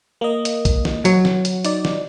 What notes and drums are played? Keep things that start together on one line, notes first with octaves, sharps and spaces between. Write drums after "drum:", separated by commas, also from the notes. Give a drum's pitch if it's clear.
A#3 D#5
drum: hi-hat
drum: kick B1, hi-hat
drum: snare
F#3 F#4, drum: hi-hat
drum: snare
drum: hi-hat
D#4 D5, drum: hi-hat
drum: snare